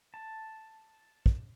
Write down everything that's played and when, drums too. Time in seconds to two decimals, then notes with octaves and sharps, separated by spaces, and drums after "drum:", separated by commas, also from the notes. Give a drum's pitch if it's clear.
0.14 A5
1.26 drum: kick